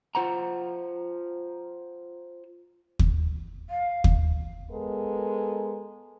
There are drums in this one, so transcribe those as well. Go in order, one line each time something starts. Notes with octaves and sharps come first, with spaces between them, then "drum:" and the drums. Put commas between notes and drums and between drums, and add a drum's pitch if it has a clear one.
F4 C5 F#5 A#5
drum: kick
F5
drum: kick
G#3 B3 A4 A#4